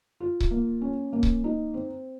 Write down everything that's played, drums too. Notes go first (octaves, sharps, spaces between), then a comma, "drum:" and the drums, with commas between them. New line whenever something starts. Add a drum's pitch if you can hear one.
F4
drum: kick C#1
A#3
C#4
A#3
drum: kick C#1
D#4
C4